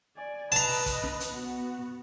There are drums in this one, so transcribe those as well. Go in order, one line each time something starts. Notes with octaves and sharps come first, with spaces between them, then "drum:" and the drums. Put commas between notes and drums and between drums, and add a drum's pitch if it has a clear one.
D5 G#5
B4 D#5 A5 A#5, drum: hi-hat
drum: open hi-hat
drum: kick, hi-hat
drum: snare
drum: hi-hat
B3 F#4